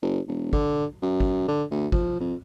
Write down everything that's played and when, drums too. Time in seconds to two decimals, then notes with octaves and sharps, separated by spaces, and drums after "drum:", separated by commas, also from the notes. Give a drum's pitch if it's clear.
0.02 F#1
0.27 E1
0.53 D3, drum: kick
1.02 F#2
1.20 drum: kick
1.48 D3
1.71 D2
1.92 F3, drum: kick
2.20 F2